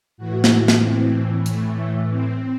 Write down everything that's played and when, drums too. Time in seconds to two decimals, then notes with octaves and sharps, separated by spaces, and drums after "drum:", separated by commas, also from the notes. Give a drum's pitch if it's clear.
0.18 A2 E3 F#4
0.44 drum: snare
0.68 drum: snare
0.81 C4
1.46 A3, drum: hi-hat
2.09 C4